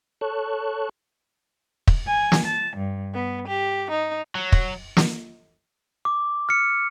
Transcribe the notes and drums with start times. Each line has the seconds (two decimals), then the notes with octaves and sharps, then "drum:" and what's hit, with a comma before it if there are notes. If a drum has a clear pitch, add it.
0.21 A4 C#5 A5 C#6 F#6
1.87 drum: kick
2.06 G#5
2.32 drum: snare
2.45 A5
2.76 G2
3.14 B3
3.48 G4
3.91 D#4
4.35 F#3
4.52 drum: kick
4.97 drum: snare
6.05 D6
6.49 F6 C#7